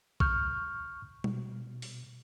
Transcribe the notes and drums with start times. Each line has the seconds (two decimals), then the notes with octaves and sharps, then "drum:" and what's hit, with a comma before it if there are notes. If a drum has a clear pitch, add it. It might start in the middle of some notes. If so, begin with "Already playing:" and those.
0.20 C#6 F6 G6, drum: kick A#1
1.24 B2, drum: tom G3
1.82 drum: open hi-hat